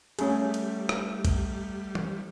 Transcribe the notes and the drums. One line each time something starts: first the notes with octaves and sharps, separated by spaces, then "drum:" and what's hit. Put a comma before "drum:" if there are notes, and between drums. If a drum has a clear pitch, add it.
G3 A3 C#4 G#4, drum: cymbal
drum: cymbal
drum: rim click
drum: kick, cymbal
drum: tom E3